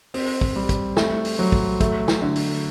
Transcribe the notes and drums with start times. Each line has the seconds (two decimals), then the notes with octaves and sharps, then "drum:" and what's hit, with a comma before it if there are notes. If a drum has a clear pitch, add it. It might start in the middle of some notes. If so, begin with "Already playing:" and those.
0.14 C4, drum: open hi-hat
0.41 drum: kick
0.56 G3
0.69 drum: kick, hi-hat
0.97 A3, drum: snare
1.25 drum: open hi-hat
1.39 F#3
1.52 drum: kick
1.81 A3, drum: kick, hi-hat
2.08 drum: snare
2.22 D3
2.36 drum: open hi-hat